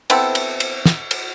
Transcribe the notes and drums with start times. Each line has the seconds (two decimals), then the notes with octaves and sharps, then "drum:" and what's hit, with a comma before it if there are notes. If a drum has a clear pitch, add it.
0.10 B3 C4 E4 A4, drum: cymbal
0.35 drum: cymbal
0.60 drum: cymbal
0.86 drum: snare
1.11 drum: cymbal